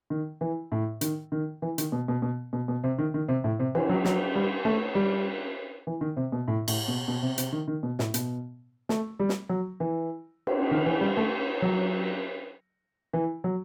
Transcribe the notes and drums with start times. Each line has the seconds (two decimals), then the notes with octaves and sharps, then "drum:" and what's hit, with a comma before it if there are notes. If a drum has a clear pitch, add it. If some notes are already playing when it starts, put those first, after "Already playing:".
0.10 D#3
0.41 E3
0.72 A2
1.01 D#3, drum: hi-hat
1.32 D#3
1.62 E3
1.78 D#3, drum: hi-hat
1.92 B2
2.08 B2
2.22 B2
2.53 B2
2.68 B2
2.84 C3
2.99 D#3
3.14 D#3
3.29 C3
3.44 A2
3.59 C3
3.75 E3, drum: cymbal
3.89 F#3
4.05 F#3, drum: snare
4.35 G3
4.65 A3
4.95 G3
5.87 E3
6.01 D#3
6.17 C3
6.32 B2
6.48 A2
6.68 A2, drum: cymbal
6.88 B2
7.08 B2
7.23 C3
7.38 C3, drum: hi-hat
7.52 D#3
7.68 D#3
7.83 B2
7.99 A2, drum: snare
8.14 B2, drum: hi-hat
8.89 A3, drum: snare
9.19 G3
9.29 drum: snare
9.49 F#3
9.80 E3
10.47 drum: cymbal
10.71 D#3
10.86 E3
11.01 G3
11.17 A3
11.62 F#3
13.13 E3
13.44 F#3